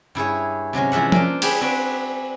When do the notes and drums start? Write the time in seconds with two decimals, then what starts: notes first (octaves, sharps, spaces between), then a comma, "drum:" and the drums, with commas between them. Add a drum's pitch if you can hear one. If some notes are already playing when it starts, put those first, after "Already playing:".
0.15 G2 E4 G#4 C#5
0.73 C3 F#3 G#3 C#4
0.92 E3 F3 G#3 E5 F#5
1.12 A#3 D4 F4, drum: tom F3
1.42 G4 G#4 B4 C#5 G5, drum: cymbal
1.61 C4 D4 F#4 G#4 B4